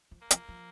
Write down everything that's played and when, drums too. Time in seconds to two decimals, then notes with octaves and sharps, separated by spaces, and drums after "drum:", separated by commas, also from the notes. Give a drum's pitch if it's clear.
0.11 F3
0.22 A#3
0.31 F3, drum: hi-hat
0.49 F3